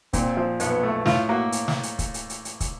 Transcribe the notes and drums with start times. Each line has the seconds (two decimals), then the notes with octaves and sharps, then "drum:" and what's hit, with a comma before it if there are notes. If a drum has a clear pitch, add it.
0.13 A#2 C4, drum: kick, hi-hat
0.37 F3
0.60 B1 B3, drum: hi-hat
0.83 A3
1.05 A2 F4, drum: snare
1.29 A#3 F#4
1.52 drum: hi-hat
1.68 drum: snare
1.83 drum: hi-hat
1.99 drum: kick, hi-hat
2.14 drum: hi-hat
2.30 drum: hi-hat
2.45 drum: hi-hat
2.60 drum: kick, hi-hat